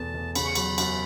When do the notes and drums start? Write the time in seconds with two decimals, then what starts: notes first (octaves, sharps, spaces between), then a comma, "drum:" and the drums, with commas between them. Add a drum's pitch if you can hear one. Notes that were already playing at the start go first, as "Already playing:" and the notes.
Already playing: E2 B2 A3 A5
0.14 E2
0.35 C#3 B5, drum: cymbal
0.45 C#6
0.55 F#3 B5, drum: cymbal
0.78 F#2, drum: cymbal